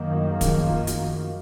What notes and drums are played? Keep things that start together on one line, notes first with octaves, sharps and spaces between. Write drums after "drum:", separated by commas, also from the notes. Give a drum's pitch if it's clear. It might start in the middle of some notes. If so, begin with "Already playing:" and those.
Already playing: F#2 D#3 F#3 A#3
F#3
G#3
F3, drum: kick, hi-hat
F#3
F4
F#4, drum: hi-hat